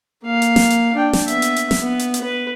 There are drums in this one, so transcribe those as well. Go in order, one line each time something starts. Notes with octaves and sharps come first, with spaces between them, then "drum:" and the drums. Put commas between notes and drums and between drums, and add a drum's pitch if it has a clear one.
A#3 F5
drum: hi-hat
drum: snare
drum: hi-hat
D4 G5
drum: snare
B3 E5, drum: hi-hat
drum: hi-hat
drum: hi-hat
drum: snare
B3
drum: hi-hat
drum: hi-hat
B4